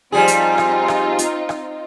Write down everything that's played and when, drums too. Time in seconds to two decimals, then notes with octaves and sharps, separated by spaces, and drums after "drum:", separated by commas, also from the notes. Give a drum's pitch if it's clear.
0.12 F3 G3 C4 D#4 F4 G#4
0.28 drum: hi-hat
0.58 drum: rim click
0.88 drum: rim click
1.19 drum: hi-hat
1.49 drum: rim click